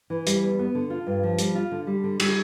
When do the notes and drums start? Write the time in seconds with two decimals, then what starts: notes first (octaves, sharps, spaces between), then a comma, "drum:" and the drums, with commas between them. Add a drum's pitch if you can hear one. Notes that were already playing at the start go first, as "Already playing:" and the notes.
0.10 E3
0.27 G3, drum: hi-hat
0.43 E2
0.59 B3
0.75 D3
0.90 F4
1.07 G2
1.23 F3
1.39 G3, drum: hi-hat
1.55 F4
1.71 D3
1.87 G3
2.04 D3
2.20 G3, drum: cymbal